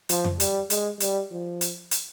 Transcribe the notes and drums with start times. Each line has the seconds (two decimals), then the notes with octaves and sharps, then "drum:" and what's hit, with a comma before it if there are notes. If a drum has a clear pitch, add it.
0.09 F3, drum: hi-hat
0.24 drum: tom F2
0.40 G3, drum: hi-hat
0.70 G#3, drum: hi-hat
1.00 G3, drum: hi-hat
1.31 F3
1.61 drum: hi-hat
1.91 drum: hi-hat